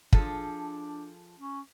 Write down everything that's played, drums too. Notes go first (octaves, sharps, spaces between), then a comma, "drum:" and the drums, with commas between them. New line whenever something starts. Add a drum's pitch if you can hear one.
F3 D4 G#4 A4, drum: kick
C#4